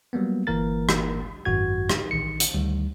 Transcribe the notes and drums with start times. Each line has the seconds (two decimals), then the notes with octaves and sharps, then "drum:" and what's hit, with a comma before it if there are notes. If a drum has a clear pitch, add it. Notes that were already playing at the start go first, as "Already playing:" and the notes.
0.13 F#3 G3 A#3 B3
0.47 G1 E3 A#3 A#4 A6
0.89 drum: rim click
1.45 G#1 F#2 F#4 G#6
1.89 drum: rim click
2.11 A#1 D#3 C#7
2.40 drum: hi-hat
2.54 D2 D#3 G3